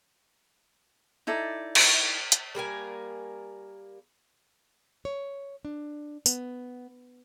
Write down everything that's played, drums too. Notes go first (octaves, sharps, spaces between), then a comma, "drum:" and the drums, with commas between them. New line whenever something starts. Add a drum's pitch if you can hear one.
D#4 E4 A4 D5
drum: cymbal
drum: hi-hat
G3 A#3 A#4 G#5
C#5
D4
B3, drum: tambourine